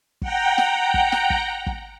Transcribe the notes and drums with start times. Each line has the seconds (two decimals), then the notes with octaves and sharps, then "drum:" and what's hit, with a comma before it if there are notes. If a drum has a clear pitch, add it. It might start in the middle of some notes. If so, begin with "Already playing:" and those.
0.22 F#5 G5 A#5, drum: kick
0.58 drum: snare
0.94 drum: kick
1.12 drum: snare
1.30 drum: kick
1.67 drum: kick